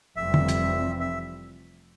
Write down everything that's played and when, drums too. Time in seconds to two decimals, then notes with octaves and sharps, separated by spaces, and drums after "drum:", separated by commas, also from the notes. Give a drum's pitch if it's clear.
0.16 F1 F2 E3 G3 C4 E5
0.34 drum: tom
0.48 drum: hi-hat
1.00 E5